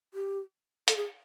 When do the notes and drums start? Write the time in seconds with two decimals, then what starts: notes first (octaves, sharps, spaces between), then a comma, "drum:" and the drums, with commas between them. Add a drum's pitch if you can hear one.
0.14 G4
0.88 A4, drum: hi-hat
0.97 G#4